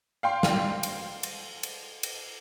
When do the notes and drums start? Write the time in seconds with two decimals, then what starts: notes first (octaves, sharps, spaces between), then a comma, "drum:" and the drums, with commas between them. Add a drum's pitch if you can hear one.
0.23 F5 G5 C6
0.43 drum: snare
0.83 drum: cymbal
1.23 drum: cymbal
1.63 drum: cymbal
2.03 drum: cymbal